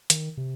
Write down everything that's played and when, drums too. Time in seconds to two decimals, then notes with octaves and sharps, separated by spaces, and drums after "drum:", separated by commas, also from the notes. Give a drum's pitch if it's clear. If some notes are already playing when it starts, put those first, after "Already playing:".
0.10 D#3, drum: hi-hat
0.37 C3